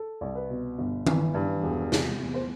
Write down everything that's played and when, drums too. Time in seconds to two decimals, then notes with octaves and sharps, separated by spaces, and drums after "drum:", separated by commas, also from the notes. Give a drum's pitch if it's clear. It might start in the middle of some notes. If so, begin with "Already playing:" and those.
Already playing: A4
0.21 C2
0.35 B4
0.50 B2
0.79 G1
1.07 E3, drum: tom D#3
1.35 G2
1.63 E1
1.92 C3, drum: snare
2.21 E2
2.34 C5